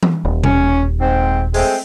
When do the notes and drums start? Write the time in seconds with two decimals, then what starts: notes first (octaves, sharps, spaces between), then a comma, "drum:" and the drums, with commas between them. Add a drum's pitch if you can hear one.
0.03 drum: tom E3
0.25 D#1
0.44 C#4, drum: tom B2
1.00 G#2 C4
1.54 G#3 A3 C4, drum: open hi-hat